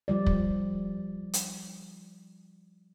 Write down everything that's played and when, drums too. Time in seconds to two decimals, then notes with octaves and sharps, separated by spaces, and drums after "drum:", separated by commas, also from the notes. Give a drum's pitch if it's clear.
0.08 F3 G3 D5
0.26 drum: kick
1.33 drum: hi-hat